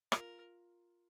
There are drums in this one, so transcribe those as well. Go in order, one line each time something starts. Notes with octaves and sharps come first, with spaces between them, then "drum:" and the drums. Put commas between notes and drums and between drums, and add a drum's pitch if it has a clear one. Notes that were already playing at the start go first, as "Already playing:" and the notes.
F4 A#4, drum: rim click